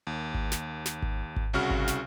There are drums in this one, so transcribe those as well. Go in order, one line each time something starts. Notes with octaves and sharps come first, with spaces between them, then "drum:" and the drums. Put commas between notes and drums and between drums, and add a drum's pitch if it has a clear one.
D#2
drum: kick G#1
drum: snare
drum: snare
drum: kick G#1
drum: kick G#1
C2 C#3 F#4 F6
drum: kick G#1
drum: snare